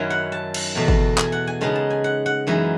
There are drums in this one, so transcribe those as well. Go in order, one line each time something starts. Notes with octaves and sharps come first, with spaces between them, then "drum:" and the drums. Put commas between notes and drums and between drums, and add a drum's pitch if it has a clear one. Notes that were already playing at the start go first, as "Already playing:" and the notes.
Already playing: F#2 D#3 F#3 C#4 E4 G#5
F#5
A5
drum: cymbal
E2 B2 A3
drum: kick G1
G#5, drum: clap
F#5
G#5
C#3 G#3 B3 D#4 A5
A5
G#5
F#5
F#5
F#2 E3 G#3 B3 D#4 E5